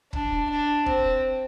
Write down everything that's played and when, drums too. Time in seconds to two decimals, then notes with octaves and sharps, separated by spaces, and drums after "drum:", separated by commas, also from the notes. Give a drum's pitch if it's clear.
0.13 D4, drum: kick
0.50 D4
0.86 C4, drum: kick